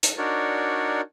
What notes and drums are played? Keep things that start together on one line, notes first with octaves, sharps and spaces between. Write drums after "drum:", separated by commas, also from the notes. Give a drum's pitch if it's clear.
drum: hi-hat
D4 D#4 F#4 A#4 C#5 D5